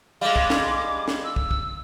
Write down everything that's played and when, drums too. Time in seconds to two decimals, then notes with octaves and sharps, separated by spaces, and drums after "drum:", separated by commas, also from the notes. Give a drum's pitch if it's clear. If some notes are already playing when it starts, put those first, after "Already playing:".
0.21 G3 G#3 F5 D6
0.36 drum: kick
0.50 drum: snare
1.08 drum: snare
1.24 E6
1.36 drum: kick
1.51 drum: kick